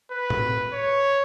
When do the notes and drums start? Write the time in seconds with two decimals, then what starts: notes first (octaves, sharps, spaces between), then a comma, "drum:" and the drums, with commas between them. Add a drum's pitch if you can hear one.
0.11 B4
0.30 drum: tom A2
0.73 C#5